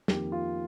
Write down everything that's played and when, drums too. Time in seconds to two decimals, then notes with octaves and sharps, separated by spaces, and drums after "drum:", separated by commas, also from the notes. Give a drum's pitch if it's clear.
0.08 F2 D#3 A#3 G4, drum: snare
0.32 F4